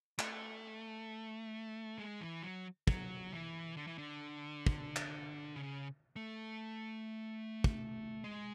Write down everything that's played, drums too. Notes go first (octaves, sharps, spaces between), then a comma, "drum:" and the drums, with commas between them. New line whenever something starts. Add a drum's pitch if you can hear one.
A3, drum: clap
G#3
E3
F#3
F#3, drum: kick
E3
D3
E3
D3
drum: kick
drum: clap
C#3
A3
drum: kick
G#3